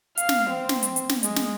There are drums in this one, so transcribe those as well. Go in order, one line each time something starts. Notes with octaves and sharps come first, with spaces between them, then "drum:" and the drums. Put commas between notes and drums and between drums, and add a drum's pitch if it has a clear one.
F5, drum: hi-hat
drum: snare
C4
drum: snare
drum: hi-hat
drum: hi-hat
drum: snare
G#3, drum: hi-hat
drum: snare